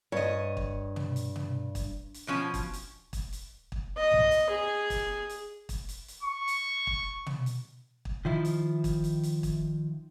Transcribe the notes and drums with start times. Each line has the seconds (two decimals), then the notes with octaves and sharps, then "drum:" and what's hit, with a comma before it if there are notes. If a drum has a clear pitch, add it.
0.12 G2 C#5 D#5
0.57 drum: kick
0.96 drum: tom
1.16 drum: hi-hat
1.36 drum: tom
1.75 drum: kick, hi-hat
2.14 drum: hi-hat
2.27 B2 F3 C#4
2.54 drum: kick, hi-hat
2.73 drum: hi-hat
3.13 drum: kick, hi-hat
3.33 drum: hi-hat
3.72 drum: kick
3.97 D#5
4.11 drum: tom B1
4.31 drum: hi-hat
4.50 G#4
4.90 drum: kick, hi-hat
5.29 drum: hi-hat
5.69 drum: kick, hi-hat
5.89 drum: hi-hat
6.08 drum: hi-hat
6.23 C#6
6.48 drum: hi-hat
6.87 drum: kick
7.26 drum: tom
7.46 drum: hi-hat
8.05 drum: kick
8.25 D#3 F3 E4
8.45 drum: hi-hat
8.84 drum: kick, hi-hat
9.04 drum: hi-hat
9.23 drum: hi-hat
9.43 drum: kick, hi-hat